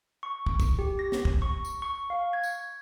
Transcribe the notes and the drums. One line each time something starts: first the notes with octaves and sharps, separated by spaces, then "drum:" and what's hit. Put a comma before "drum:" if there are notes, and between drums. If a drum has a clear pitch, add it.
C#6
drum: kick
drum: kick, tambourine
G4
A#6
drum: snare
drum: kick
C#6
drum: tambourine
C#6
F5
G#6
drum: tambourine